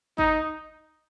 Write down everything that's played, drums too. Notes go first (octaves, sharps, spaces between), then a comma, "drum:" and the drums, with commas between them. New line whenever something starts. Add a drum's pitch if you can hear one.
D#4, drum: kick